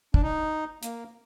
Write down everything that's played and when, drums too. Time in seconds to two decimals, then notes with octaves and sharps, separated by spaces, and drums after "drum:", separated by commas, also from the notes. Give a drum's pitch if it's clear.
0.14 D4, drum: kick
0.22 D#4
0.83 A#3, drum: hi-hat